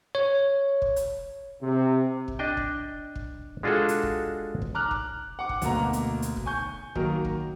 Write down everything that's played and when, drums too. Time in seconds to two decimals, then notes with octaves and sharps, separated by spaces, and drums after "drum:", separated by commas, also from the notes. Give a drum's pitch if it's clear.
0.15 C#5
0.82 drum: kick
0.96 drum: hi-hat
1.62 C3
2.28 drum: kick
2.39 D4 D#5 G5
2.57 drum: kick
3.16 drum: kick
3.63 G#3 D4 F4 F#4 G#4 A4
3.89 drum: hi-hat
4.03 drum: kick
4.62 drum: kick
4.75 A#5 D6 F6 F#6
4.91 drum: kick
5.39 F#5 D6
5.49 drum: kick
5.62 D2 B2 A#3 A#5, drum: hi-hat
5.93 drum: hi-hat
6.22 drum: hi-hat
6.37 drum: kick
6.46 G#5 C#6 G6
6.95 D#3 F#3 A#3 D#4 F#4 A#4, drum: kick
7.25 drum: kick